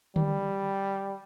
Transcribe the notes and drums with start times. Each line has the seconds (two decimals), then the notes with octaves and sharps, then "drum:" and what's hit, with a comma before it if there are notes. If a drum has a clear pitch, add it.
0.16 G3, drum: tom D3